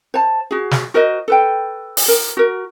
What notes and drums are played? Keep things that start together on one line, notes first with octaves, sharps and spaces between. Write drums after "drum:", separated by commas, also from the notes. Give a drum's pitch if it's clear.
C5 A5
F#4 G#4
drum: snare
F#4 A#4 C5 D#5
A4 B4 G5
drum: open hi-hat
A#4
F#4 A#4